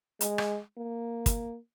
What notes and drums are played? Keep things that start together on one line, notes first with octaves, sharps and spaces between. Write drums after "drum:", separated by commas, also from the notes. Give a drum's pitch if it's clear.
G#3, drum: hi-hat
drum: rim click
A#3
drum: kick, hi-hat